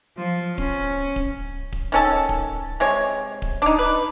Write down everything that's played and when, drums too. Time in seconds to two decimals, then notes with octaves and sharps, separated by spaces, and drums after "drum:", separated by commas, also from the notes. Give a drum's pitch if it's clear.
0.17 F3
0.58 C#4, drum: kick D1
1.16 drum: kick D1
1.72 drum: kick D1
1.92 D#3 C#4 A4
2.29 drum: kick D1
2.80 C3 G#3 C#5
3.42 drum: kick D1
3.62 D4 D#4
3.79 B4